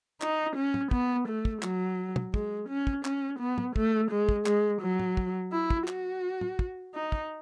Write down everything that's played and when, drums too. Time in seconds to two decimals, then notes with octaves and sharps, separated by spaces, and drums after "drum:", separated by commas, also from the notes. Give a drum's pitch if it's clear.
0.21 D#4, drum: clap
0.56 C#4
0.74 drum: tom
0.91 B3, drum: kick
1.28 A3
1.45 drum: kick
1.62 F#3, drum: clap
2.16 drum: tom
2.34 G#3, drum: kick
2.69 C#4
2.87 drum: kick
3.05 C#4, drum: clap
3.40 B3
3.58 drum: tom
3.76 A3, drum: kick
4.11 G#3
4.29 drum: kick
4.46 G#3, drum: clap
4.82 F#3
5.00 drum: tom
5.17 drum: kick
5.52 E4
5.70 drum: kick
5.88 F#4, drum: clap
6.41 drum: tom
6.59 drum: kick
6.95 D#4
7.12 drum: kick